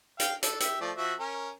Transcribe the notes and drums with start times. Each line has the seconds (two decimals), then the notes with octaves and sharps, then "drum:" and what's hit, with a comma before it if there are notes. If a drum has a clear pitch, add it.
0.20 F5 G5, drum: hi-hat
0.43 D4 A4, drum: hi-hat
0.60 G4 E5, drum: hi-hat
0.81 F3 A3 D5
0.97 F3 F#4 E5
1.19 C#4 A#4